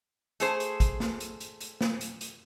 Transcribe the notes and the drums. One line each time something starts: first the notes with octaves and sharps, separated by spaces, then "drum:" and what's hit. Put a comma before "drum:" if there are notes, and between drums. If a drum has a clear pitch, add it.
A3 G#4 C5, drum: hi-hat
drum: hi-hat
drum: kick, hi-hat
drum: snare
drum: hi-hat
drum: hi-hat
drum: hi-hat
drum: snare
drum: hi-hat
drum: hi-hat